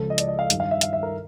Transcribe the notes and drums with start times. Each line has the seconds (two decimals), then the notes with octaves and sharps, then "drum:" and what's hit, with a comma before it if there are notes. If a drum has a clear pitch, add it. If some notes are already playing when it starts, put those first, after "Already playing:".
Already playing: C#2 C#3 F3 G#3 A4
0.10 D#5
0.18 D5, drum: hi-hat
0.28 D#5
0.39 F5
0.50 G2 D#3 G3, drum: hi-hat
0.60 F5
0.71 E5
0.81 F5, drum: hi-hat
0.93 E5
1.03 A#4